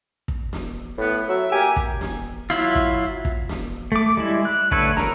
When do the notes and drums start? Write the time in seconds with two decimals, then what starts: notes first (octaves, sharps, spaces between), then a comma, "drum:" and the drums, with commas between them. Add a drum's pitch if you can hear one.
0.28 drum: kick
0.53 drum: snare
0.98 A2 B3
1.28 F#3 E5
1.52 A#3 G4 G#5
1.76 drum: kick
2.01 drum: snare
2.50 F#3 E4 F4
2.75 drum: kick
3.25 drum: kick
3.49 drum: snare
3.92 A3 D6
4.17 G3 G#3 E4
4.45 F#6
4.71 D3 A3 B4 C#5 E6, drum: kick
4.97 A#4 A#5, drum: snare